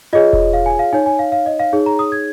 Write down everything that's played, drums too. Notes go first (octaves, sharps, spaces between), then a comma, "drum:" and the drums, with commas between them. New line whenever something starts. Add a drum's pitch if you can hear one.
F4 G#4 C#5 D#5
drum: kick E1
F5
G#5
F5
D#4 C#5 G#5
G#5
F5
F5
D#5
F5
D#4 G#4 C#5
A#5
D#6
G#6